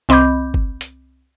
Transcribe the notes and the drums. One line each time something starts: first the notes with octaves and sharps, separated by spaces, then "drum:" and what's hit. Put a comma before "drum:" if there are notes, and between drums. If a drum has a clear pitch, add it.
C2 C4 D#5 B5 D6 G6
drum: kick G1
drum: hi-hat